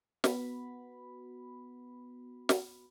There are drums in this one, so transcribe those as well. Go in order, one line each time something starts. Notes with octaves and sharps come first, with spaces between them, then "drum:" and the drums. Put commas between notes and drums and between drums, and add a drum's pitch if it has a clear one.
B3 F#4 B5, drum: snare
drum: snare